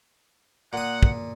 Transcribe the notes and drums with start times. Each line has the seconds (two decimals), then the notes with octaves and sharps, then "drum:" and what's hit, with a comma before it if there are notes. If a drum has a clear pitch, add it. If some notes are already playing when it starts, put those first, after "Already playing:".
0.73 A#2 F#5 D#6
1.03 drum: kick